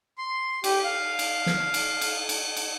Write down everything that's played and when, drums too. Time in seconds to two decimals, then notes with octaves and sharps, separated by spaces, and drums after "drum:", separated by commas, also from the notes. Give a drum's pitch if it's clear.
0.18 C6
0.64 G4, drum: cymbal
0.84 F5
1.19 drum: cymbal
1.46 drum: snare
1.74 drum: cymbal
2.01 drum: cymbal
2.29 drum: cymbal
2.56 drum: cymbal